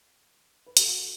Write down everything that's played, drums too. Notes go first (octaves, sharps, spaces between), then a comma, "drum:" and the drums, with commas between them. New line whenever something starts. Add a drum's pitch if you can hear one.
B4
F#4 A4, drum: hi-hat